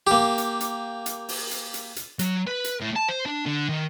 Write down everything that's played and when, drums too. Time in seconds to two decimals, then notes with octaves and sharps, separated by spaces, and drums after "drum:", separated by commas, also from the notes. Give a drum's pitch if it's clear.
0.07 A#3 G4
0.38 drum: hi-hat
0.61 drum: hi-hat
1.06 drum: hi-hat
1.28 drum: open hi-hat
1.51 drum: hi-hat
1.74 drum: hi-hat
1.96 drum: hi-hat
2.19 F#3, drum: hi-hat
2.47 B4
2.64 drum: hi-hat
2.80 A2
2.96 A5
3.09 C5
3.26 D4
3.46 D3
3.69 D#3